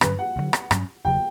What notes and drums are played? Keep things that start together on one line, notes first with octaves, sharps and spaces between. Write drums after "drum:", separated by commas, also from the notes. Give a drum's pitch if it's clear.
G2 D3 F#3 C#4 B4, drum: rim click
F#5
D2 D3 F#3
drum: rim click
G2 F#3 C#4, drum: rim click
E1 C#3 F#3 G5